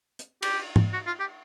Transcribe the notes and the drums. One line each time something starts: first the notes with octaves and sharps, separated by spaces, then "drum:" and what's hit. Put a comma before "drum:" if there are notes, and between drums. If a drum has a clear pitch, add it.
drum: hi-hat
G4, drum: cymbal
drum: tom
F#4
F4
G4